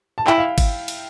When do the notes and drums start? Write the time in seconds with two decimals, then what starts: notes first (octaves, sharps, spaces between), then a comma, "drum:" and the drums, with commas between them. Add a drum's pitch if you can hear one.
0.18 A5
0.27 E4 G5, drum: clap
0.38 F5
0.58 drum: kick G#1, cymbal
0.88 drum: cymbal